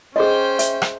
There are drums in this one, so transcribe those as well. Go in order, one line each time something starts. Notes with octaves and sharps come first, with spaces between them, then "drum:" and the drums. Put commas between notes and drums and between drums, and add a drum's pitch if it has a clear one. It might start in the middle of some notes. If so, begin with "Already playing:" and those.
C#4 G#4 C5 D#5 G5
E5, drum: hi-hat
drum: rim click